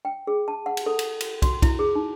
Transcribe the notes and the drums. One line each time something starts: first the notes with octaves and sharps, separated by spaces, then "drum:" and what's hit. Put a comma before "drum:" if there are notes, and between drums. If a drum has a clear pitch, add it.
G5
G#4
A5
F#5
drum: cymbal
A4
drum: cymbal
drum: cymbal
F#4, drum: kick, cymbal
E4, drum: kick, cymbal
G#4
D#4